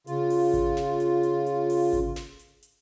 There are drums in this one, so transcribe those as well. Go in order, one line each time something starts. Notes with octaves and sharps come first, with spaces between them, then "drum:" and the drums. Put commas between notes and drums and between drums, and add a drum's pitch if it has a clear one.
C#3 F4, drum: hi-hat
drum: open hi-hat
drum: kick G#1, hi-hat
drum: snare
drum: hi-hat
drum: hi-hat
drum: hi-hat
drum: open hi-hat
drum: kick G#1, hi-hat
drum: snare
drum: hi-hat
drum: hi-hat